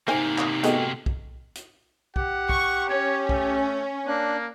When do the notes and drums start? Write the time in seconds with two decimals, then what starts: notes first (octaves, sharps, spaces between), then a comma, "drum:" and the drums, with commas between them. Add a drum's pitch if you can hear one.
0.08 C3 A#3 D#4 C5 G5 G#5
0.38 drum: clap
0.63 A3 B3 F#4 G#4 D#5 G5, drum: hi-hat
1.06 drum: kick B1
1.55 drum: hi-hat
2.16 G4 F#5, drum: kick B1
2.49 C#6, drum: kick B1
2.90 C#4 C#5
3.29 A3, drum: kick B1
4.07 A#3 D4 F#6